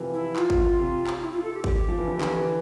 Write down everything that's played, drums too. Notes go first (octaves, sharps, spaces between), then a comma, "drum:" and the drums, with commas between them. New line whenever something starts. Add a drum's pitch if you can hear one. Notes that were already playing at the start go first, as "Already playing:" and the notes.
Already playing: C3 E3 F3
E4
F4, drum: clap
drum: kick G#1
C3
drum: clap
E4
F4
A4
G4
G4, drum: kick G#1
F3
E3
D3
E3
D3, drum: clap
E3